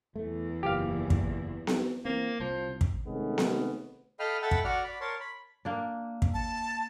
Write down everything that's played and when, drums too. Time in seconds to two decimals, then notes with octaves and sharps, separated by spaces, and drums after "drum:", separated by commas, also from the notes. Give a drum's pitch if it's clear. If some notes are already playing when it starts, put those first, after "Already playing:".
0.16 E2 E3 A3
0.63 F#1 A#2 G4 F5
1.10 drum: kick
1.67 drum: snare B3
2.05 E3 A#3 C4
2.40 C2 F3
2.81 drum: kick
3.06 C3 D#3 G#3 A3 B3 C#4
3.38 drum: snare B3
4.19 A4 D#5 F5 G5 B5 F6
4.42 A4 E5 F#5 G5 A5 B5
4.51 drum: kick
4.65 F#4 D5 F#5 F6
4.84 D5 B5
5.01 A#4 C#5 A5 C6
5.20 B5
5.65 A#3 D4
6.22 drum: kick
6.34 A5